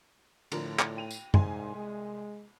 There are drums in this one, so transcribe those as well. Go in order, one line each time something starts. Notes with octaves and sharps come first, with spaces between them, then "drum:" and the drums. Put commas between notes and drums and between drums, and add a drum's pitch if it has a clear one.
A2 D3 F3 A#4, drum: cymbal
drum: clap
G5 D#7 F7
drum: tambourine
C2 G#2 G#5 C6, drum: tom
G#3